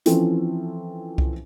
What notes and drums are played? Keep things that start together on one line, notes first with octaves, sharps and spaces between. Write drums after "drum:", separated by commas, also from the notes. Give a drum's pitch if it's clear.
E3 F3 C4 C#4 A4, drum: hi-hat
drum: kick C2